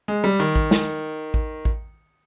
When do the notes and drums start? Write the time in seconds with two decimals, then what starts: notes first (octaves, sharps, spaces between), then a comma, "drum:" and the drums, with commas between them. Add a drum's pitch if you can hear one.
0.08 G#3
0.24 G3
0.40 D#3
0.55 drum: kick A1
0.71 drum: snare
1.34 drum: kick A1
1.65 drum: kick A1